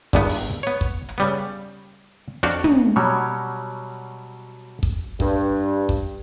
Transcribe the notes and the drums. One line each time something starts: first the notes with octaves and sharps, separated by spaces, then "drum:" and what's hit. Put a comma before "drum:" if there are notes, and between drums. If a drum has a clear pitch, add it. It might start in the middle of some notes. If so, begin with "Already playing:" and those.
G#1 E2 G2 D#3 B3, drum: kick
drum: open hi-hat
B3 C#5
drum: kick
drum: hi-hat
C#3 G3 B3
F2 D4 F#4 F5 G5
drum: tom
B2 F#3 G3 C#5
drum: kick
G2, drum: kick
drum: kick